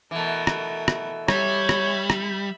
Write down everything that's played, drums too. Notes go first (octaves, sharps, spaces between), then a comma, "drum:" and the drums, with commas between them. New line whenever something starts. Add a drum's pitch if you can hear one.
B2 E3 A3 A#4
drum: rim click
drum: rim click
G3 C#5 E5 B5, drum: rim click
drum: rim click
drum: rim click